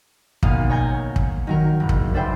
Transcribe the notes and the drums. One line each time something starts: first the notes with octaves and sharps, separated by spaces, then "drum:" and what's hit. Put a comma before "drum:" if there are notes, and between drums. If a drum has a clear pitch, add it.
B1 A#3 F5 D#6, drum: kick
C#5 G#5 A#5 G6 G#6
drum: kick
D#3 F#3 A#4
F#1
drum: kick
D4 A4 B4 C5 E5 G5